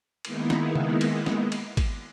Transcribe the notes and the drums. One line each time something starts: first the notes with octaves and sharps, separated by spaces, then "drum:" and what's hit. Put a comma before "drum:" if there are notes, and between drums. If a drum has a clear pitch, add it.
D#3 G#3 A#3 B3 D#4 E4, drum: cymbal
drum: snare
drum: tom C#3
drum: cymbal
drum: snare
drum: cymbal
drum: kick, cymbal